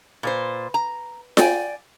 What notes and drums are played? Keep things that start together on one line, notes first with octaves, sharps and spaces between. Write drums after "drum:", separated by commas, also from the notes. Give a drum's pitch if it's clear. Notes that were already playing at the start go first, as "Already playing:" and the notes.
A#2 B4 C5
A#5
D5 G5 G#5, drum: snare F4